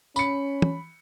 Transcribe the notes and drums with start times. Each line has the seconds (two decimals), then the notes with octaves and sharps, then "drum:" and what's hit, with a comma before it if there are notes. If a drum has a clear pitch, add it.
0.16 C#4 B5 C#7, drum: tambourine
0.62 drum: tom